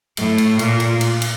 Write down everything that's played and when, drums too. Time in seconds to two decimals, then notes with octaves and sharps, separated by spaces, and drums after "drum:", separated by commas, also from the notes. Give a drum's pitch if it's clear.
0.17 A2, drum: cymbal
0.38 drum: cymbal
0.59 A#2, drum: cymbal
0.80 drum: cymbal
1.01 drum: cymbal
1.22 drum: cymbal